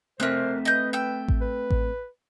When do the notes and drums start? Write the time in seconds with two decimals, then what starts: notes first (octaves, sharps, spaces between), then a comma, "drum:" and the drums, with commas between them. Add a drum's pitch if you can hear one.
0.20 A3 C4 A#4 C5 E5 F#6
0.65 B4 D#5 G6
0.93 G5 E6
1.28 drum: kick A1
1.41 B4
1.70 drum: kick A1